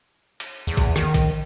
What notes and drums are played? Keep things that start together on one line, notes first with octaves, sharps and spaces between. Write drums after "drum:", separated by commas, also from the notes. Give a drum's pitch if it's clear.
drum: cymbal
E2
drum: kick A#1, cymbal
D#3, drum: rim click
drum: kick A#1, cymbal